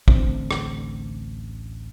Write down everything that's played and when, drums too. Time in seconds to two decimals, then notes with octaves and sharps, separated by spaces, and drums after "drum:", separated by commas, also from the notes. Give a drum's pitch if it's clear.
0.08 A1 D2 D3 C4, drum: kick
0.51 drum: rim click